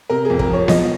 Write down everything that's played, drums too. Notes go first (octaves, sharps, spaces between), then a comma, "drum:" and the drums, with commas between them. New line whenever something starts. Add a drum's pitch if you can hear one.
C3 A#4
F2 G#4
A#4, drum: kick
F3 C#5
F3 D#5, drum: snare B3